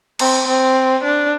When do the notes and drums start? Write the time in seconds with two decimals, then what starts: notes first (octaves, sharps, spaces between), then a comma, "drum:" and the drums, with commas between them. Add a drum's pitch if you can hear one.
0.19 C4, drum: cymbal
0.47 C4
1.04 D4